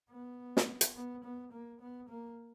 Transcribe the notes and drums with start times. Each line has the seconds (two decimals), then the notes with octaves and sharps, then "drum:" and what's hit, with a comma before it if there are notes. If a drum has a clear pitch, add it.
0.11 B3
0.57 drum: snare
0.81 drum: hi-hat
0.95 B3
1.24 B3
1.52 A#3
1.81 B3
2.09 A#3